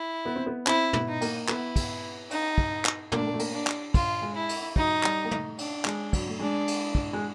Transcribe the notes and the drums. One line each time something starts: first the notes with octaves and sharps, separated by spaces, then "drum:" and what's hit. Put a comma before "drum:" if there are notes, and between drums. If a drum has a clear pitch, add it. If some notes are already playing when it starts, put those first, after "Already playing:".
Already playing: E4
B3
C4
B3
C4 E4, drum: clap
B3, drum: tom
D#4
A#3, drum: cymbal
B3 E4, drum: clap
drum: kick, cymbal
D#4, drum: cymbal
drum: kick
drum: clap
A#3 D4, drum: tom
A3
A#3
A3
A#3, drum: cymbal
D4
drum: clap
F4, drum: kick, cymbal
G#3
E4
drum: cymbal
F#3 D#4, drum: kick
G3, drum: clap
A#3
A3, drum: tom
D4, drum: cymbal
G#3, drum: clap
F#3, drum: kick, cymbal
A3
G#3 D4
drum: cymbal
drum: kick
G#3